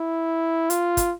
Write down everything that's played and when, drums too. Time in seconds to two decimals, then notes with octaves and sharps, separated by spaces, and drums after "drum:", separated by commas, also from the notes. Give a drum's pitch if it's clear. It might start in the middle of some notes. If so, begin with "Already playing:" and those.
Already playing: E4
0.70 F4, drum: hi-hat
0.97 drum: kick, hi-hat